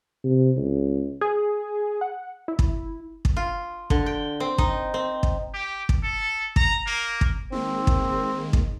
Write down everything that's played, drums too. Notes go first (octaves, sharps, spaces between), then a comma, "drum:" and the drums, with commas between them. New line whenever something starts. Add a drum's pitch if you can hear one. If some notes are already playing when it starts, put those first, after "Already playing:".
C3
C#2
G#4
F#5
E4
drum: kick
drum: kick
F4
D3, drum: kick
G5
C4
D#4, drum: kick
C4
drum: kick
G4
drum: kick
A4
A#5, drum: kick
A#3
drum: kick
D#3 G#3 A#3 C4
drum: kick
drum: kick